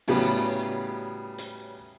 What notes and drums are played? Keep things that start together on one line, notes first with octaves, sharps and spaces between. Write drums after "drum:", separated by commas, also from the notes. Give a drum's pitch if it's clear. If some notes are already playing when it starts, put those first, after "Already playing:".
A2 C#3 F#3 G3 B3, drum: open hi-hat
drum: hi-hat